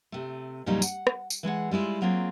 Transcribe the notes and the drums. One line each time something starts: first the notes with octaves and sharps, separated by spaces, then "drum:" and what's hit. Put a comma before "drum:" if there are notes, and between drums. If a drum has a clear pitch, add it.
C3 A3
F2 A#2 C#3 F#3 G3 D#4
F#5, drum: tambourine
drum: rim click
drum: tambourine
E3 G#3 G#4 F#5
G3 G#3 E4 F4
F#3 A#3 C4 F4 G#4